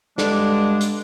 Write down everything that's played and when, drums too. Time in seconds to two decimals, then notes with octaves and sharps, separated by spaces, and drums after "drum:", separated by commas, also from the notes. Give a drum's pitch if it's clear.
0.18 G2 D3 G#3 D4, drum: snare
0.81 drum: hi-hat